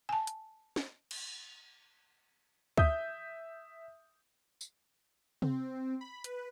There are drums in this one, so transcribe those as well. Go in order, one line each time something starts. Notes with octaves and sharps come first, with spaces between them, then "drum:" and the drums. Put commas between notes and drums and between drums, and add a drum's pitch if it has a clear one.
G#5 A5
drum: hi-hat
drum: snare
drum: cymbal
E5 D#6 G6, drum: kick D2
drum: tambourine
C4, drum: tom C3
B5
B4, drum: hi-hat